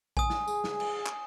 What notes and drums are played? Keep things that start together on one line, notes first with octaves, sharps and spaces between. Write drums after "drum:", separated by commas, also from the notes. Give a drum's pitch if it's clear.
G#5 D#6, drum: kick A#1
drum: snare
G#4, drum: tambourine
drum: snare
drum: cymbal
drum: clap